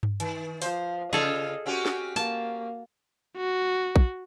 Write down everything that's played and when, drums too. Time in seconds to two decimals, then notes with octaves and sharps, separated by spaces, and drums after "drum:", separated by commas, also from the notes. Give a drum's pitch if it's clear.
0.03 drum: tom G2
0.20 D#3, drum: hi-hat
0.62 F3 C5, drum: open hi-hat
1.13 C#3 F4 G#4 A4 D#5 F5
1.66 C4 C#4 F#4 G4
1.86 drum: snare
2.16 A#3 A5, drum: open hi-hat
3.38 F#4
3.96 drum: kick